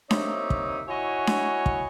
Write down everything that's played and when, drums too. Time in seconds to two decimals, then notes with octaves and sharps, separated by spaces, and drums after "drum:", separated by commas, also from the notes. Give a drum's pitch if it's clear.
0.11 A#3 C4 D#4 G4 C#5 E5, drum: snare D4
0.50 drum: kick
0.89 E4 F#4 C#5 D#5 G#5
1.27 drum: snare D4
1.66 drum: kick